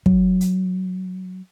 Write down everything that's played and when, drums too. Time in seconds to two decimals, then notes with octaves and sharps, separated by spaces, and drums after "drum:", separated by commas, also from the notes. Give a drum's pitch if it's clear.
0.06 F#3, drum: kick
0.41 drum: hi-hat